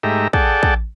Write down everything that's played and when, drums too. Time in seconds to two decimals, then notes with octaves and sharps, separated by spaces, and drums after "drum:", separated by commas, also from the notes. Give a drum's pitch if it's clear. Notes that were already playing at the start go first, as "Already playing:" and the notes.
0.03 G#2 A3 D#4 G4 E5 A#5
0.33 G#4 A4 D5 F#5 G5 A5, drum: kick
0.63 drum: kick